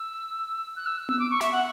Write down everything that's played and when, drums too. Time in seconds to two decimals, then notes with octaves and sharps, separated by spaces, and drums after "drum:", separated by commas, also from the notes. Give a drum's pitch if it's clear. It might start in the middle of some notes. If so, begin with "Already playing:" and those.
Already playing: E6
0.76 F#6
0.86 E6
1.09 E6, drum: tom B3
1.20 D6
1.31 C#6
1.41 E5, drum: snare
1.52 F#5